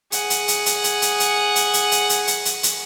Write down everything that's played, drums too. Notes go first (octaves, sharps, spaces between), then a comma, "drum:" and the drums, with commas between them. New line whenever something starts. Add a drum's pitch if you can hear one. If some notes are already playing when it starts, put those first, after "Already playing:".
G#4 F#5, drum: hi-hat
drum: hi-hat
drum: hi-hat
drum: hi-hat
drum: hi-hat
drum: hi-hat
drum: hi-hat
drum: hi-hat
drum: hi-hat
drum: hi-hat
drum: hi-hat
drum: hi-hat
drum: hi-hat
drum: hi-hat